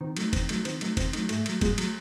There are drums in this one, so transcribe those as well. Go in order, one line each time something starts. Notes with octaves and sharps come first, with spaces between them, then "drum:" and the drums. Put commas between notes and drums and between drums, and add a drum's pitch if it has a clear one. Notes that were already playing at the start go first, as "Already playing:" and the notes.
D#3 C4
F#3 A3 D#4, drum: cymbal
D#3 C4, drum: kick, cymbal
F#3 A3 D#4, drum: cymbal
D#3 C4, drum: cymbal
F#3 A3 D#4, drum: cymbal
D#3 C4, drum: kick, cymbal
F#3 A3 D#4, drum: cymbal
G#2 A3, drum: cymbal
F#3 A3, drum: cymbal
G#2 G#3, drum: kick, cymbal
F#3 A3, drum: cymbal